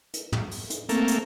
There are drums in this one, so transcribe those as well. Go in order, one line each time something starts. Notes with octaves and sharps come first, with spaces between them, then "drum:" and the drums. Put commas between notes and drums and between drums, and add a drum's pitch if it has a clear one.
drum: hi-hat
drum: tom
drum: open hi-hat
drum: hi-hat
A3 A#3 C4, drum: hi-hat
drum: hi-hat